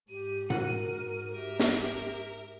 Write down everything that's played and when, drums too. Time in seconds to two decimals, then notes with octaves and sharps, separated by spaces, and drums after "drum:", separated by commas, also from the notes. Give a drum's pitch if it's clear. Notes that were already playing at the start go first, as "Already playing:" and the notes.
0.10 G#2 G4 D#7
0.50 F#4 A#4 F#5, drum: tom A2
1.34 G4 A#4 E5
1.59 drum: snare